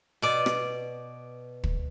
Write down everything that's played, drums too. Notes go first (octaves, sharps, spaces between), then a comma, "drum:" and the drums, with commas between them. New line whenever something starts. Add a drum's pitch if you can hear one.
B2 D5
drum: rim click
drum: kick